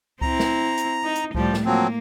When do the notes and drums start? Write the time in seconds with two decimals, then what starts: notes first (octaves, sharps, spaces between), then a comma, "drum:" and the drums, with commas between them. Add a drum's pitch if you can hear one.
0.22 C4 E4 A#5, drum: kick C#2
0.40 drum: snare
0.78 drum: hi-hat
1.04 D#4
1.16 drum: hi-hat
1.35 A2 F3 G3, drum: kick C#2
1.54 drum: snare
1.66 F3 F#3 A#3 C4